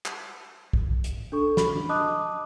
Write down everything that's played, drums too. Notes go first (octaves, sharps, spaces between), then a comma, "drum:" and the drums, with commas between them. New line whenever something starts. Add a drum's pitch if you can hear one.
drum: clap
drum: kick
drum: hi-hat
D4 A4 C#6
B5, drum: snare
D#5 A5 D6 D#6 F#6